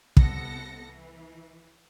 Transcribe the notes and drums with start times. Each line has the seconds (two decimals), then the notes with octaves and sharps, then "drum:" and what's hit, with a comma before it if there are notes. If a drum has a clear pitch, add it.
0.17 C2 C3 B3 A4 A#6 C#7, drum: kick
0.87 E3